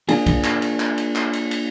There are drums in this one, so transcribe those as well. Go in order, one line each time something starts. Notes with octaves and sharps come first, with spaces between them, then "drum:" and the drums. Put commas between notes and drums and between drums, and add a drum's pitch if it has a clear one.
A#3 D4 F4 G#4, drum: cymbal
drum: kick, cymbal
drum: clap
drum: cymbal
drum: clap
drum: cymbal
drum: clap
drum: cymbal
drum: cymbal